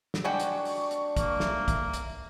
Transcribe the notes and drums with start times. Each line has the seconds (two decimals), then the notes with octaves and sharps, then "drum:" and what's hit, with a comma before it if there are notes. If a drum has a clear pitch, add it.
0.14 drum: snare
0.25 G#3 D4 F#4 G4 C#6
0.40 drum: hi-hat
0.65 drum: open hi-hat
0.91 drum: hi-hat
1.17 A#3, drum: kick, hi-hat
1.40 E5, drum: snare
1.68 drum: kick, hi-hat
1.93 drum: hi-hat